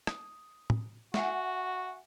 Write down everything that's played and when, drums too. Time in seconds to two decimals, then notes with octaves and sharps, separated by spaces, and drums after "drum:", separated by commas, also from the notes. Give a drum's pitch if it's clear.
0.07 D#6, drum: rim click
0.70 drum: tom
1.14 F#4 E5 F#5 G#5, drum: snare